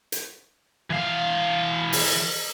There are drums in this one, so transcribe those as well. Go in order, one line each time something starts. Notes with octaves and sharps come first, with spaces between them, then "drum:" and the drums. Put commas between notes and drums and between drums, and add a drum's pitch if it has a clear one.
drum: hi-hat
E3 F5
drum: open hi-hat